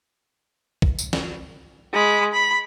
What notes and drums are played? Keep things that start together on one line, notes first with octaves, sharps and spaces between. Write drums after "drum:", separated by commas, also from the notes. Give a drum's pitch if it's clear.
drum: kick
drum: tambourine
drum: snare
G#3 B5
B5